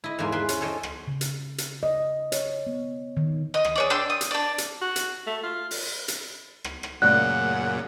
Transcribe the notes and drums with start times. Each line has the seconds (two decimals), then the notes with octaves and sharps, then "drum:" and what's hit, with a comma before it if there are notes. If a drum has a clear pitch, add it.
0.04 E4 D#5
0.19 E2 G#2 G#3 A#3 C5 G#5
0.32 G#4 B4 C5 G5 G#5
0.49 C#4, drum: hi-hat
0.61 A4 C5 C#5 D#5 G5
0.83 drum: rim click
1.07 C#3
1.21 drum: hi-hat
1.58 drum: hi-hat
1.83 D#5
2.32 C#5, drum: hi-hat
2.66 B3
3.17 D#3
3.54 D#5
3.65 drum: rim click
3.76 G#4 C#5 D5
3.90 D4 G5 C6 E6
4.10 D#6
4.21 drum: hi-hat
4.31 D4 D5
4.58 drum: hi-hat
4.81 F#4
4.96 drum: hi-hat
5.27 A3
5.43 F4
5.71 drum: open hi-hat
6.08 drum: hi-hat
6.64 drum: rim click
6.83 drum: rim click
7.02 F#2 A#2 C#3 A3 D5 F#5 F#6